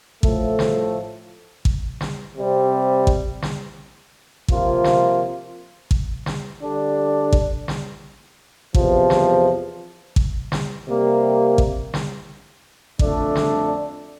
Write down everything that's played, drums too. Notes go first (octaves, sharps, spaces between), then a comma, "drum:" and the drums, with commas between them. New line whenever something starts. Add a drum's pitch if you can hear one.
A2 F3 A3, drum: kick A1
drum: snare
drum: kick A1
drum: snare
C3 G3 C4
drum: kick A1
drum: snare
C3 F3 A#3 F4, drum: kick A1
drum: snare
drum: kick A1
drum: snare
D3 G3 D4
drum: kick A1
drum: snare
E2 C3 F3, drum: kick A1
drum: snare
drum: kick A1
drum: snare
C3 G3 A#3
drum: kick A1
drum: snare
F2 D3 A3 D4, drum: kick A1
drum: snare